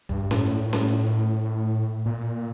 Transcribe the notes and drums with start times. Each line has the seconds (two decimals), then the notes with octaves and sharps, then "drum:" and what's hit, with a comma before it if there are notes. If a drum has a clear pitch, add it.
0.09 G2, drum: kick
0.31 A2, drum: snare C#4
0.73 drum: snare C#4
2.06 A#2